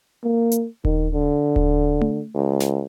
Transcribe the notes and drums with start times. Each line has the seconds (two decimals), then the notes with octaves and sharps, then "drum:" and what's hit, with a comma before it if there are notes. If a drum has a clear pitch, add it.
0.24 A#3
0.52 drum: hi-hat
0.85 D#3, drum: kick D#1
1.13 D3
1.56 drum: kick D#1
2.01 drum: tom A3
2.35 C#2
2.60 drum: snare